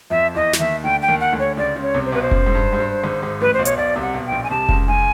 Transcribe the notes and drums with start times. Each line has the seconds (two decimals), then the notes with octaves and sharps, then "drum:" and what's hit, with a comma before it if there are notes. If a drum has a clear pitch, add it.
0.10 F2 F3 E5
0.35 E2 E3 D#5
0.53 E3, drum: snare
0.59 D#2 D#3 E5
0.83 D2 D3 G5
1.02 G5
1.08 D#2 D#3
1.21 F#5
1.33 D2 D3
1.39 C#5
1.57 C#2 C#3 D5
1.76 C#2 C#3
1.82 C#5
1.94 C2 C3
2.06 C5
2.12 B1 B2 B4
2.22 C5
2.31 F#2, drum: kick F1
2.46 G#2
2.55 G2
2.73 G#2
2.80 G2
3.04 G#1 G#2
3.22 G#1 G#2
3.41 A1 A2 B4
3.54 B1 B2 C5
3.65 C#5, drum: hi-hat
3.77 B1 B2 D5
3.96 C2 C3
4.02 F#5
4.14 B1 B2
4.27 G5
4.32 A#1 A#2
4.44 G#5
4.50 C2 C3 A5
4.69 C#2 C#3, drum: kick F1
4.88 C#2 C#3 G#5